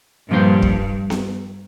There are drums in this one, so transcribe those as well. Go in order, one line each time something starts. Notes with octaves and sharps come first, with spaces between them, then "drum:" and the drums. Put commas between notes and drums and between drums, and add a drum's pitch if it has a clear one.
G2 A#2 F3 A#3 G4 C5
drum: kick
drum: snare B3